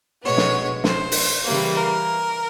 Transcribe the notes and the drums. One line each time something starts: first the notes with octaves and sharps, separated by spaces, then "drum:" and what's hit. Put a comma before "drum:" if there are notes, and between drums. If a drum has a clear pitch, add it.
B2 G#3 B3 C#5
drum: snare
C5, drum: snare
drum: open hi-hat
C#3 E3 G3 A#3
A#4